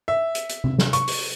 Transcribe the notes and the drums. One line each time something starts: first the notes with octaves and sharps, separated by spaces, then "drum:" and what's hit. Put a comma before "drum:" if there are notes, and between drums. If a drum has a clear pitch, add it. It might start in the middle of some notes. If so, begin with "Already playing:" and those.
E5
drum: hi-hat
drum: hi-hat
drum: tom C3
drum: snare
C#6, drum: hi-hat
drum: open hi-hat